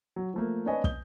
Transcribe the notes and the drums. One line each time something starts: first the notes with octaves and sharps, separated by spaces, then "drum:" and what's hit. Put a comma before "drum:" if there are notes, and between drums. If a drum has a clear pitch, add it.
F#3
F3 A3 A#3
C4 D4 B4 C#5 D#5 G#5
D#6 G6 G7, drum: kick